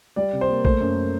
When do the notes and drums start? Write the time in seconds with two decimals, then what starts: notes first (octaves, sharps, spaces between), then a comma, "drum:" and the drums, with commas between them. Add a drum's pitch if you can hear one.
0.16 G3 D5
0.33 C3
0.41 C5
0.49 A#3
0.65 A3 C5, drum: kick A#1
0.81 F#2